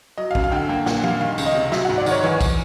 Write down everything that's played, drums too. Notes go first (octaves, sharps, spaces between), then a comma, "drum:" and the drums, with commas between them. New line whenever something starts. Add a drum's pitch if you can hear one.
F#3 D#5
F5
F#2, drum: kick
F5
D3 F#5 G5
A#3 G5
A#2 F#5, drum: snare
G3 F5, drum: tom
D#3 F5
C#2, drum: tambourine
D#5
C3
F#3 E5, drum: snare
F#5
G#2
D5
D#3 C#5, drum: tambourine
E3 C#5
drum: kick, tambourine